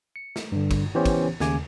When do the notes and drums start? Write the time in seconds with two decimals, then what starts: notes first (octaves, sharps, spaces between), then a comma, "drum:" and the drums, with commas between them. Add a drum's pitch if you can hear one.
0.16 C#7
0.36 drum: snare
0.52 G2 D3
0.71 drum: kick, cymbal
0.95 E3 B3 C#4 G4 C5 C#5
1.06 drum: kick, cymbal
1.40 D#2 C#3 G#5 D6, drum: snare